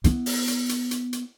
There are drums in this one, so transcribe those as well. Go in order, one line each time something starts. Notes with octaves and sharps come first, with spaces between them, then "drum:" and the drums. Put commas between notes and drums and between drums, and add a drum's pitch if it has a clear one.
B3 E4, drum: hi-hat
drum: open hi-hat
drum: hi-hat
drum: hi-hat
drum: hi-hat
drum: hi-hat